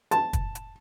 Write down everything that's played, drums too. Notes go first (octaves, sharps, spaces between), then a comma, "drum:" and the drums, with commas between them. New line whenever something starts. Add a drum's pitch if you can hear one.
A5, drum: hi-hat
drum: kick, hi-hat
drum: hi-hat